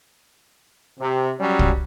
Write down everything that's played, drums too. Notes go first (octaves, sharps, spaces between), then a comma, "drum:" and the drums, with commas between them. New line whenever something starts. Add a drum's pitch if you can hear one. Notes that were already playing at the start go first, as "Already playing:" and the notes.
C3
F#3 G3 C#4
drum: kick